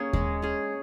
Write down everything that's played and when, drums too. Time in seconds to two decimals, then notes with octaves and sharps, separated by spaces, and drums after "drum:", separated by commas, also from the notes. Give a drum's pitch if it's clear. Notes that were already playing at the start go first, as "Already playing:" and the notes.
Already playing: A#3 C#4 G#4 C#5
0.13 G#3, drum: kick D#2
0.42 C#4 G#4